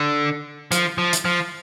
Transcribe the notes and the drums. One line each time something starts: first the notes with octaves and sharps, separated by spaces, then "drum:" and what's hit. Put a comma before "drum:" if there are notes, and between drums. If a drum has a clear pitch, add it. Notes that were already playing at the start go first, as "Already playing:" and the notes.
Already playing: D3
F3, drum: hi-hat
F3
drum: hi-hat
F3